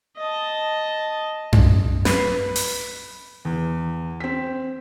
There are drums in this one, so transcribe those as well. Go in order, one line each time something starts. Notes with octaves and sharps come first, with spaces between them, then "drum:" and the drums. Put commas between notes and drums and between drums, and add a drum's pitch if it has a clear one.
D#5 A5
drum: tom F#2
B4 C7, drum: snare
drum: open hi-hat
E2
C4 B6